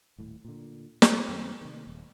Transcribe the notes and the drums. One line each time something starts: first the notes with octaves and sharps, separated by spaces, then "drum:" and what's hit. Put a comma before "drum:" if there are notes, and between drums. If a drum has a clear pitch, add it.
D#1 A2
A#2 D3
C3, drum: snare
F#2 D#3 F#3 C4
C3 D#3
D#1